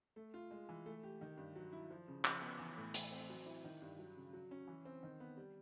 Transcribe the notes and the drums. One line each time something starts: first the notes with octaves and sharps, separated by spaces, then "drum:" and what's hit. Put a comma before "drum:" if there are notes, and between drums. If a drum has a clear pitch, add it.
A3
F4
G#3
E3
A3
G4
D#3
G2
F#3
E4
F3
C#3
F3, drum: clap
B3
E3
A2
E3, drum: hi-hat
C4
F#3
E4
D#3
G2
F#3
C#3
F#3
C#4
E3
C4
D#3
B3
G3